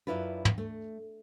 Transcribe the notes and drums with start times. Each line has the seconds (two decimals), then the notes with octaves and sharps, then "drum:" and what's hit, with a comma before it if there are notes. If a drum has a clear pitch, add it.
0.07 F#2 A#2 D4 E4 F4 B4
0.45 drum: tom
0.58 A3